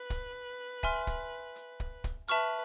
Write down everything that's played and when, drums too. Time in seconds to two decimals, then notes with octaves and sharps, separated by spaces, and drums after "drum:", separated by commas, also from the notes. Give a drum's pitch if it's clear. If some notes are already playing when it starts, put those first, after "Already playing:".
Already playing: B4
0.10 drum: kick, hi-hat
0.83 E5 G#5 C6 F6, drum: kick
1.07 drum: kick, hi-hat
1.56 drum: hi-hat
1.80 drum: kick
2.04 drum: kick, hi-hat
2.28 B4 E5 A5 C#6 F6